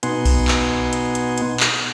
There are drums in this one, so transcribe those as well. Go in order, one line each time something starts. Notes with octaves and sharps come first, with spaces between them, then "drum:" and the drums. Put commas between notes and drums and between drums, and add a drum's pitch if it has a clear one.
B2 B3 D#4 F#5 G#5 C6, drum: hi-hat
drum: kick B1, open hi-hat
drum: clap
drum: hi-hat
drum: hi-hat
drum: hi-hat
drum: clap